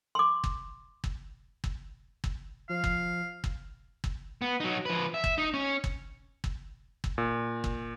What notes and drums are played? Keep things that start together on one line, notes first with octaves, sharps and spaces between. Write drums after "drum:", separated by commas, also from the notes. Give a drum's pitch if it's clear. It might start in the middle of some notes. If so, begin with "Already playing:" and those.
C6 D6
drum: kick G1
drum: kick G1
drum: kick G1
drum: kick G1
F3 F5
drum: kick G1
drum: kick G1
drum: kick G1
B3
F#3 D#4
F3 B4
E5
drum: kick G1
D#4
C#4
drum: kick G1
drum: kick G1
drum: kick G1
A#2
drum: kick G1